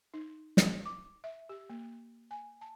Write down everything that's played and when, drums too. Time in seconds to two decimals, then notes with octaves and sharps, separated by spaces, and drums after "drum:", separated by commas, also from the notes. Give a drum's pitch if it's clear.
0.14 D#4
0.57 drum: snare
0.86 D6
1.24 E5
1.49 G4
1.70 A#3
2.31 G#5
2.61 A5